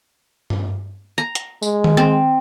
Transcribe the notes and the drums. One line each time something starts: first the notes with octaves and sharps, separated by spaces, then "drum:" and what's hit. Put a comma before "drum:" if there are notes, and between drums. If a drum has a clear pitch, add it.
drum: tom G2
A#5
drum: hi-hat
G#3, drum: tambourine
drum: tom D#3
C4